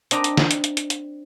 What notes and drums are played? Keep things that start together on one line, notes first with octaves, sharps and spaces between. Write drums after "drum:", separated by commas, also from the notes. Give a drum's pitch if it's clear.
C4 D4 D#5 G5 A#5, drum: hi-hat
drum: hi-hat
drum: snare
drum: hi-hat
drum: hi-hat
drum: hi-hat
drum: hi-hat